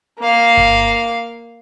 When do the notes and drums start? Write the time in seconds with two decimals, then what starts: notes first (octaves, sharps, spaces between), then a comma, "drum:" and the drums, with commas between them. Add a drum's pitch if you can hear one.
0.20 A#3 F5
0.57 drum: kick G1